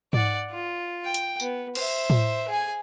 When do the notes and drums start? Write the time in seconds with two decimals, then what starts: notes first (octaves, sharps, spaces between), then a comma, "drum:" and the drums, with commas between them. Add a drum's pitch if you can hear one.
0.13 D5 F#5, drum: tom G#2
0.51 F4
1.05 G5
1.14 drum: hi-hat
1.40 B3, drum: tambourine
1.75 C5 E5, drum: cymbal
2.10 drum: tom A2
2.48 G#4 G#5